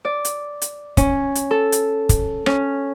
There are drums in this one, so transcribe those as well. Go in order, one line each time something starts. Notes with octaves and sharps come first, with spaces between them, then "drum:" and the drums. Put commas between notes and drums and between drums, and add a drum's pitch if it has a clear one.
D5
drum: hi-hat
drum: hi-hat
C#4, drum: kick, hi-hat
drum: hi-hat
A4
drum: hi-hat
drum: kick, hi-hat
C#4, drum: rim click